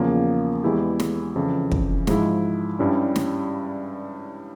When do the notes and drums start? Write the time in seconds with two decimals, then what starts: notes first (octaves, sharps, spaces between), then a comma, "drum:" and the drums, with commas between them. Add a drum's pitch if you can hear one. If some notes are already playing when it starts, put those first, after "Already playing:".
Already playing: E2 C#3 F3 A#3
0.63 E2 E3 G#3 E4 G4
1.00 drum: snare
1.36 F2 C#3 E3
1.72 drum: kick
2.07 G#2 F3 G#3 E4, drum: snare
2.79 G2 G3 C#4 E4
3.16 drum: snare